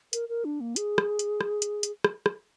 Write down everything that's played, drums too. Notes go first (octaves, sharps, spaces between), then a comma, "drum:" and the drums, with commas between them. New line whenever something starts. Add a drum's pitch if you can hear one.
A#4, drum: hi-hat
A#4
D4
A#3
G#4, drum: hi-hat
drum: rim click
drum: hi-hat
drum: rim click
drum: hi-hat
drum: hi-hat
drum: rim click
drum: rim click